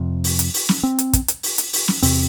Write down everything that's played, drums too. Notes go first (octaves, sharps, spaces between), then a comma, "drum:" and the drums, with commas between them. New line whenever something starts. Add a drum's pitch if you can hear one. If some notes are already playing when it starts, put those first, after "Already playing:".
Already playing: F2 C3
drum: open hi-hat
drum: hi-hat
drum: open hi-hat
drum: snare
C4
drum: hi-hat
drum: kick, hi-hat
drum: hi-hat
drum: open hi-hat
drum: hi-hat
drum: open hi-hat
drum: snare
E2 C3 C4, drum: open hi-hat